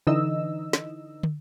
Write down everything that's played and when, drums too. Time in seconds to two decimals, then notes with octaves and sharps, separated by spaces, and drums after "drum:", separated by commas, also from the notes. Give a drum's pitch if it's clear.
0.07 D3 E3 D#4 D#5 E6
0.73 drum: snare
1.23 drum: tom